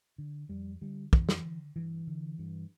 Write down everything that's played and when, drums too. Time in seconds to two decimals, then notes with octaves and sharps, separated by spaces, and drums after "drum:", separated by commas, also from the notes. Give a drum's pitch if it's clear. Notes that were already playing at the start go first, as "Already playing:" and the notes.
0.18 D3
0.49 F2 G3
0.81 D3 G3
1.13 F2 E3, drum: kick
1.29 drum: snare
1.45 D3
1.76 G2 E3
2.07 D3
2.39 G2